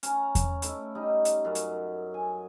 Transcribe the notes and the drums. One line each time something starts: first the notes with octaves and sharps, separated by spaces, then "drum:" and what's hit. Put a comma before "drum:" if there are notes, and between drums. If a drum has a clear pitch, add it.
C#4 A#5, drum: hi-hat
drum: kick E2, hi-hat
A3 E4, drum: hi-hat
G3 D#4
drum: hi-hat
F#2 F#4
drum: hi-hat
G#5